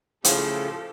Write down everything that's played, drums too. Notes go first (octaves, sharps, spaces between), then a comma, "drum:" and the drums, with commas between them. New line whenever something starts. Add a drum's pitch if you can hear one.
A2 C#3 F3 G4 A4, drum: hi-hat